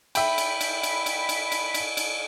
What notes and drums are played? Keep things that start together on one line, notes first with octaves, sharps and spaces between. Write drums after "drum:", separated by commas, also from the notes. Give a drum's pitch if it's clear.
E5 G5 B5, drum: cymbal
drum: cymbal
drum: cymbal
drum: cymbal
drum: cymbal
drum: cymbal
drum: cymbal
drum: cymbal
drum: cymbal